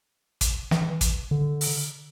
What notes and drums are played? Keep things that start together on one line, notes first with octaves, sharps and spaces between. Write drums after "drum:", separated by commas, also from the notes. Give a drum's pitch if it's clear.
drum: kick, hi-hat
E3, drum: snare
drum: kick, hi-hat
D3
drum: open hi-hat